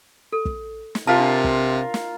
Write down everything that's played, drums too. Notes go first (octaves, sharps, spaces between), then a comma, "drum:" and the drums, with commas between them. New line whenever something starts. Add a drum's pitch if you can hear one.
A4
drum: kick
drum: snare
C3 F4 A#4 F5 A5
D4
drum: kick
drum: snare